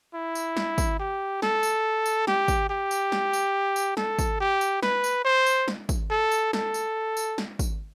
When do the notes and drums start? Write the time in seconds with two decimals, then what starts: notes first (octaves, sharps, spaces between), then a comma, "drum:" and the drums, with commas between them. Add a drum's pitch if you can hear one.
0.14 E4
0.35 drum: tambourine
0.57 drum: snare
0.78 drum: kick, tambourine
0.99 G4
1.42 A4, drum: snare
1.63 drum: tambourine
2.06 drum: tambourine
2.27 G4, drum: snare
2.48 drum: kick, tambourine
2.69 G4
2.91 drum: tambourine
3.12 drum: snare
3.33 drum: tambourine
3.76 drum: tambourine
3.97 A4, drum: snare
4.19 drum: kick, tambourine
4.40 G4
4.61 drum: tambourine
4.83 B4, drum: snare
5.04 drum: tambourine
5.25 C5
5.46 drum: tambourine
5.68 drum: snare
5.89 drum: kick, tambourine
6.10 A4
6.32 drum: tambourine
6.53 A4, drum: snare
6.74 drum: tambourine
7.17 drum: tambourine
7.38 drum: snare
7.59 drum: kick, tambourine